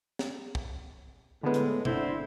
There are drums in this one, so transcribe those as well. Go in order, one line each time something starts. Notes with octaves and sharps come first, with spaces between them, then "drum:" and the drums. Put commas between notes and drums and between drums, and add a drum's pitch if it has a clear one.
drum: snare
drum: kick
A2 D3 G#3 B3
drum: hi-hat
G1 D3 C4 E4, drum: tom B2